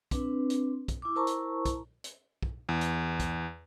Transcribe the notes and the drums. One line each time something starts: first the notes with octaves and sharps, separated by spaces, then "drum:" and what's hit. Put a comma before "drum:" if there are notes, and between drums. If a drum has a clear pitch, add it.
C4 D4 B4, drum: kick, hi-hat
drum: hi-hat
drum: kick, hi-hat
E4 D6
E4 A#4 C5 A5 A#5 C#6
drum: hi-hat
drum: kick, hi-hat
drum: hi-hat
drum: kick
E2
drum: hi-hat
drum: kick, hi-hat